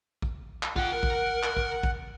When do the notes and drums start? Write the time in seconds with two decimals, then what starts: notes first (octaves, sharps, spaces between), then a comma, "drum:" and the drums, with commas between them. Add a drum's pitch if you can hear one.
0.22 drum: kick A#1
0.63 drum: clap
0.76 F4 F#5 G5, drum: kick A#1
0.92 A#4
1.03 drum: kick A#1
1.43 drum: clap
1.57 drum: kick A#1
1.83 drum: kick A#1